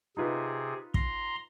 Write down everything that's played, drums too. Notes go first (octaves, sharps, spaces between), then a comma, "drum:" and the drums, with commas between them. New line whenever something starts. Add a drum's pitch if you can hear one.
C3 D#4 F4 G#4 B4
A#5 C6, drum: kick